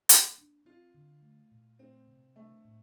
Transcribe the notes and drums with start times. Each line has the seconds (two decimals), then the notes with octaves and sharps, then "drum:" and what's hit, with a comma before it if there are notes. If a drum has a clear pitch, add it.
0.09 A#3, drum: hi-hat
0.38 D4
0.65 C4 F4
0.94 D3
1.22 A3
1.51 A#2
1.79 A3 C4
2.08 C3
2.36 A3 D4
2.64 A2